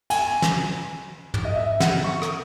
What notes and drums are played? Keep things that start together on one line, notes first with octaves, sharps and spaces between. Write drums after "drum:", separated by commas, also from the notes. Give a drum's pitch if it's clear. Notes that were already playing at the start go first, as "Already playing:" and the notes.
G#5, drum: cymbal
drum: snare
drum: tom
D#5
E5
F#5, drum: snare
C#6
drum: rim click